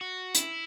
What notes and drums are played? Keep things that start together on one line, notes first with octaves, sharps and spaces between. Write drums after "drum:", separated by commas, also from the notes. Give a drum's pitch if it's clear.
F#4
E4, drum: hi-hat